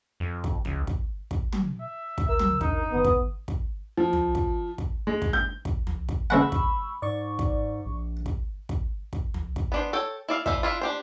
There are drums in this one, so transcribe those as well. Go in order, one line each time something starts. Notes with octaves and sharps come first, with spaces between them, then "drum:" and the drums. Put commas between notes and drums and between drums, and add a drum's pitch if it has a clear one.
F2
drum: kick
C#2, drum: tom
drum: kick
drum: kick
drum: tom
E5
drum: kick
D2 A#4 E6
drum: tom
D#2 G#2 D4 D#4, drum: kick
F#1 D#3 B3 D#6
drum: kick
drum: kick
F3
drum: tom
drum: kick
drum: kick
G#3
drum: kick
G6
drum: kick
drum: tom
drum: kick
C#2 G#3 F#5 B5 C#6 E6
drum: kick
G#2 D5 C#6
drum: kick
A#1
drum: kick
drum: kick
drum: kick
drum: tom
drum: kick
B3 D4 C5
A4 C#5 G5
E4 D5 F5
F3 G3 D#4 C5 E5, drum: kick
D4 E4 F4
D4 G4 C5